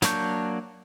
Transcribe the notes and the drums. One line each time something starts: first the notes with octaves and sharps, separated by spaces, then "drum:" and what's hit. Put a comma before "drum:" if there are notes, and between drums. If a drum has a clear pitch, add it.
F#3 A#3 D4 C#6 G6, drum: snare